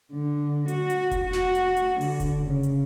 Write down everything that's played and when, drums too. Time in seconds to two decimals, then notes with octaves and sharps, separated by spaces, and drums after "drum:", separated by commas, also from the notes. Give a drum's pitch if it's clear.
0.13 D3
0.68 F#4, drum: hi-hat
0.90 drum: hi-hat
1.11 drum: kick F1, hi-hat
1.24 F#4
1.33 drum: snare
1.55 drum: hi-hat
1.76 drum: hi-hat
2.01 D3, drum: open hi-hat
2.20 drum: kick F1, hi-hat
2.45 C#3
2.63 drum: hi-hat